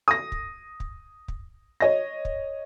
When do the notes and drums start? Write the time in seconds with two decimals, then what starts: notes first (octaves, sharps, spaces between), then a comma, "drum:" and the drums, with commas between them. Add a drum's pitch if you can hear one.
0.08 D#6 A#6
0.32 drum: kick
0.80 drum: kick
1.28 drum: kick
1.80 C#5 D#5 A#6
2.25 drum: kick